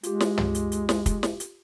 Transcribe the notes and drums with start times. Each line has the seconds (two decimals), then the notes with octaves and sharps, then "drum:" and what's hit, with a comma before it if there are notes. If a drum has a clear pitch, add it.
0.03 G#3 F4 G4, drum: hi-hat
0.20 drum: snare
0.38 drum: tom
0.55 drum: hi-hat
0.72 drum: hi-hat
0.89 drum: snare
1.06 drum: kick, hi-hat
1.23 drum: snare
1.40 drum: hi-hat